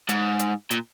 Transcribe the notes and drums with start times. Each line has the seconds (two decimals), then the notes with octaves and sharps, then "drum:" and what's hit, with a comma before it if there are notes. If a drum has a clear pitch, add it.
0.09 G#2, drum: hi-hat
0.39 drum: hi-hat
0.71 A#2, drum: hi-hat